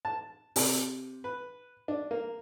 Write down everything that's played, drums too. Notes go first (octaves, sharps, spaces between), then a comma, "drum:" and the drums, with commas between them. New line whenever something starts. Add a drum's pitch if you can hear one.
A5
C3, drum: open hi-hat
B4
D4
A#3